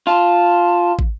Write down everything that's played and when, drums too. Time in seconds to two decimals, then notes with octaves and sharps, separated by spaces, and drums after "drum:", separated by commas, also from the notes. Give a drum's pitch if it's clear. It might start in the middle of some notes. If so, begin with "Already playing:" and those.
0.07 F4 A5
0.99 drum: kick